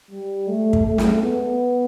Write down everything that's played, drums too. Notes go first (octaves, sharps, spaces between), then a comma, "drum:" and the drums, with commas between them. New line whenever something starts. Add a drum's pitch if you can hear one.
G3
A3
drum: kick
A3
drum: snare
B3